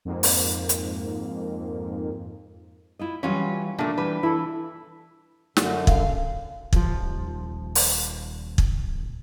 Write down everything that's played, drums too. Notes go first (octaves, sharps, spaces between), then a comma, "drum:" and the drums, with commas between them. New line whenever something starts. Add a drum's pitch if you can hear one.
F2 G#2 A#3
drum: open hi-hat
drum: hi-hat
E4 F4 D#5
E3 F#3 G3 C#4 F4
A#2 D#3 A3 D4
E3 G3 B4
E3 E4 A4 B5
F#2 D3, drum: snare
F5, drum: kick
D#1 F3, drum: kick
drum: open hi-hat
drum: kick